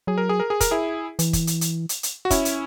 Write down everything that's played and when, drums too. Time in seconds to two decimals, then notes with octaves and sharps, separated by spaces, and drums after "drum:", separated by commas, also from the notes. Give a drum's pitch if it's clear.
0.07 F#3 G#4
0.18 A#4
0.29 G#4
0.40 A#4
0.50 G#4
0.61 A#4, drum: kick, hi-hat
0.71 E4 G#4
1.19 E3, drum: hi-hat
1.33 drum: kick, hi-hat
1.47 drum: hi-hat
1.61 drum: hi-hat
1.89 drum: hi-hat
2.03 drum: hi-hat
2.25 F#4
2.30 C#4 E4, drum: kick, hi-hat
2.45 drum: hi-hat